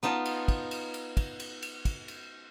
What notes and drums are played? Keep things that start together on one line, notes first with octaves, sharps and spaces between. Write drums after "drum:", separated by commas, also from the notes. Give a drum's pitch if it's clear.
B3 D#4 F4 A5
drum: cymbal
drum: kick, cymbal
drum: cymbal
drum: cymbal
drum: kick, cymbal
drum: cymbal
drum: cymbal
drum: kick, cymbal
drum: cymbal